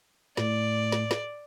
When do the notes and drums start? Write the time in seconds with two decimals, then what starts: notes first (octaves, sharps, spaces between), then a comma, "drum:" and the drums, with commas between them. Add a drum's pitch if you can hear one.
0.37 A2 D5, drum: snare
0.92 drum: snare
1.11 drum: snare